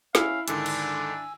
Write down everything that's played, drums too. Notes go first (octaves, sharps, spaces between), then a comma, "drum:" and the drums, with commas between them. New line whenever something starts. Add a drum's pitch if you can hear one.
C#4 E4 F5, drum: snare
G#2 D3 D#3 D4 G#5 E6, drum: hi-hat
drum: cymbal